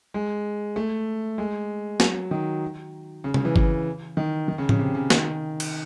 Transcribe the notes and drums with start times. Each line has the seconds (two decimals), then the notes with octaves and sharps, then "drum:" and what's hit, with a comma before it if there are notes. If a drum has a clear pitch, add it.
0.14 G#3
0.76 A3
1.38 G#3
2.00 F#3, drum: snare
2.31 D#3
3.24 C#3
3.34 C#3, drum: tom
3.45 E3
3.56 E3, drum: kick G1
4.17 D#3
4.48 D#3
4.58 C#3
4.69 C#3, drum: tom A2
4.79 C3
4.95 C#3
5.10 D#3, drum: snare
5.60 drum: cymbal